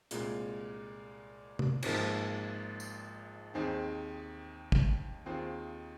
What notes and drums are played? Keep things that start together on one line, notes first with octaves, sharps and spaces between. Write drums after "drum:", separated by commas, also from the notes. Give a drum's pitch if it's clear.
C2 A#2 G#3 F4, drum: hi-hat
drum: tom
G#1 G#2 F3 A#3, drum: cymbal
drum: tambourine
D#2 D#3 C4 D#4 G#4
drum: kick
D#2 D#3 C4 F4 G#4